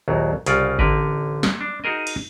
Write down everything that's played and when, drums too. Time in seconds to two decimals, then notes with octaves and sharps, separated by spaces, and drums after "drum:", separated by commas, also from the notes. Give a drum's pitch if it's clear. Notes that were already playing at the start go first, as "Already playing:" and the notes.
0.08 A#1 D#2 F#3
0.46 C2 C#3 C#4 F4 D5, drum: hi-hat
0.79 A1 D3 A#4 B4, drum: kick G#1
1.43 drum: snare
1.61 D4
1.84 D#4 F#4 G#4 A#4 D#5
2.07 drum: cymbal